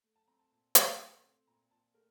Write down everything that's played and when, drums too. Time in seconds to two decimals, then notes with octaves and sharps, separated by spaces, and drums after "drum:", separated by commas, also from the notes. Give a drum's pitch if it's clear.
0.04 A3
0.16 A5
0.28 C4 A#5
0.39 A5
0.51 A#2
0.75 A#2, drum: hi-hat
0.99 A3 G5
1.23 C4
1.47 A#2 A#5
1.71 A#2 A5
1.94 A3 A#4